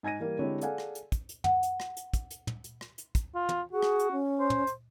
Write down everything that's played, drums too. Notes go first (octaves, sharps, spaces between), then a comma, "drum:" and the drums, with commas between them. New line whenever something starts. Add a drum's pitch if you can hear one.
G#2 G#5 G#6 A#6 D#7
E3 G3 A#3
D3 G#3 C4 E4 G4 C#5
G#4 A4 D5 F5 F#5 G#5, drum: hi-hat
drum: rim click
drum: hi-hat
drum: kick, hi-hat
drum: hi-hat
F#5, drum: tom
drum: hi-hat
drum: rim click
drum: hi-hat
drum: kick, hi-hat
drum: hi-hat
drum: tom
drum: hi-hat
drum: rim click
drum: hi-hat
drum: kick, hi-hat
F4
drum: tom
F#4 G#4
drum: rim click
drum: hi-hat
C#4
C5
drum: tom
drum: hi-hat